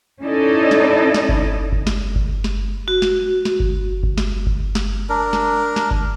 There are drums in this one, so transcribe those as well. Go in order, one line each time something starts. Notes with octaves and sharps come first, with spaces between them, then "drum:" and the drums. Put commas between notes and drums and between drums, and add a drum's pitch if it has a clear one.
C#4 D#4 E4 A4 D5 D#5
drum: snare
drum: snare
drum: kick G1
drum: kick G1
drum: snare
drum: kick G1
drum: snare
F#4
drum: snare
drum: snare
drum: kick G1
drum: kick G1
drum: snare
drum: kick G1
drum: snare
D4 A#4
drum: snare
drum: snare
drum: kick G1